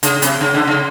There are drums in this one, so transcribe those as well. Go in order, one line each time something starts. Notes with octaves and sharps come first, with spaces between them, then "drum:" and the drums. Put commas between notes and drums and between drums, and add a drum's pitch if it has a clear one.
C#3, drum: hi-hat
C3, drum: hi-hat
C#3
D3
C#3